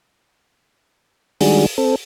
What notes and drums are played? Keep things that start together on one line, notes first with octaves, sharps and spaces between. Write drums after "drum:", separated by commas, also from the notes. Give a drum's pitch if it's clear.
D#3 G3 G#3 D4 F#4 G#4, drum: open hi-hat
C4 A4